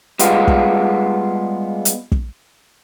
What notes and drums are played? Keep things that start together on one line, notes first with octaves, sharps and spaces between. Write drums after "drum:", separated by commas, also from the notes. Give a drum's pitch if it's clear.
G3 G#3 B3 F4, drum: hi-hat
drum: kick
drum: hi-hat
drum: kick